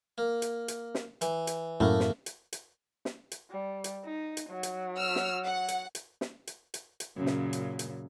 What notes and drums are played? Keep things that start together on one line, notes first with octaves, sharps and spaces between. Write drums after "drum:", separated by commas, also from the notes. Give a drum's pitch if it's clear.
A#3
drum: hi-hat
drum: hi-hat
drum: snare
E3, drum: hi-hat
drum: hi-hat
F#2 A2 A3 A#3
drum: snare
drum: hi-hat
drum: hi-hat
drum: snare
drum: hi-hat
G3
drum: hi-hat
D#4
drum: hi-hat
F#3
drum: hi-hat
E6 F6
drum: snare
F#5
drum: hi-hat
drum: hi-hat
drum: snare
drum: hi-hat
drum: hi-hat
drum: hi-hat
F#2 A#2 C#3
drum: snare
drum: hi-hat
drum: hi-hat